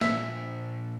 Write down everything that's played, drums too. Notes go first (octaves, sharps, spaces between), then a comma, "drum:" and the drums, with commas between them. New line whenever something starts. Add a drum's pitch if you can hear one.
A#2 F3 E5, drum: snare